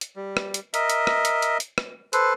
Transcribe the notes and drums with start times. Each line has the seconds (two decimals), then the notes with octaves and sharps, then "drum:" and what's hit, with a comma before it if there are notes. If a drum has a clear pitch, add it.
0.01 drum: hi-hat
0.16 G3
0.37 drum: rim click
0.54 drum: hi-hat
0.74 A#4 D#5 E5, drum: hi-hat
0.90 drum: hi-hat
1.07 drum: rim click
1.25 drum: hi-hat
1.42 drum: hi-hat
1.60 drum: hi-hat
1.78 drum: rim click
2.13 A4 B4 C5, drum: hi-hat